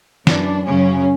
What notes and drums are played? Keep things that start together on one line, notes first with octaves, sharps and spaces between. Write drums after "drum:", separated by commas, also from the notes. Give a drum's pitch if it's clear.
F#2 E3 D4, drum: snare
F#2 C#3 F#3 C#4